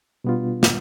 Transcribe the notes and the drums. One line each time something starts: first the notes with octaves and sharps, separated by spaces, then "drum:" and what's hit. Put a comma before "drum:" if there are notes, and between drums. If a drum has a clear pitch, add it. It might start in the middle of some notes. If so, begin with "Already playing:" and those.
B2 G3 B3 D4 F4
drum: snare